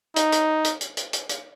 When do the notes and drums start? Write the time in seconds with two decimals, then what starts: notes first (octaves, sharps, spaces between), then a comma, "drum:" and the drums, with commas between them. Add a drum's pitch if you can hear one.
0.16 D#4, drum: hi-hat
0.32 drum: hi-hat
0.64 drum: hi-hat
0.81 drum: hi-hat
0.97 drum: hi-hat
1.13 drum: hi-hat
1.29 drum: hi-hat